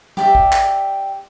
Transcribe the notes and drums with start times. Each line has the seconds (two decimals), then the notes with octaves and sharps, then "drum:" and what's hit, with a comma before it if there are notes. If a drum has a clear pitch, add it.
0.17 G4 D5 E5, drum: tom G3
0.35 drum: kick
0.53 drum: clap